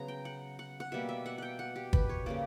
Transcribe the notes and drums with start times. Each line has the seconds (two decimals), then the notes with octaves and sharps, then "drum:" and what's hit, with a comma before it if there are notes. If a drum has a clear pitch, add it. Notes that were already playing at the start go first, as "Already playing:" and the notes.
Already playing: C#3 F#3 B3 A#5
0.08 G5
0.25 F#5
0.59 F#5
0.80 F#5
0.92 B2 G3 A#3 E5
1.09 E5
1.26 F#5
1.38 F#5 G5
1.59 F#5
1.76 G4
1.93 B4, drum: kick
2.09 C#5
2.26 C#3 G3 A#3 D5